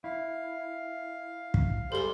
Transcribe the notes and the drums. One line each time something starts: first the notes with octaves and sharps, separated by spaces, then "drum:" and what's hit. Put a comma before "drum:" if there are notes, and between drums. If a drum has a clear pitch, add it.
E4 F5
drum: kick
G3 G#3 A4 C5 G7